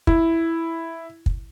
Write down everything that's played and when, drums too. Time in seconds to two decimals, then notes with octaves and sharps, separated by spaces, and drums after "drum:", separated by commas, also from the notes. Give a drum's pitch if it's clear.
0.07 E4, drum: kick
1.26 drum: kick